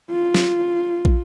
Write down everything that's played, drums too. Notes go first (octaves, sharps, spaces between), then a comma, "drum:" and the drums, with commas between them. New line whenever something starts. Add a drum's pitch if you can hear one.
F4
drum: snare
drum: kick